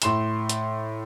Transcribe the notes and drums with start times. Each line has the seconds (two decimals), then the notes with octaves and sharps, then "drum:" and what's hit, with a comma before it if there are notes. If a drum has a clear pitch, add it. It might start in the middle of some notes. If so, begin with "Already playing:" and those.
0.02 A2 C6 E7, drum: hi-hat
0.49 drum: hi-hat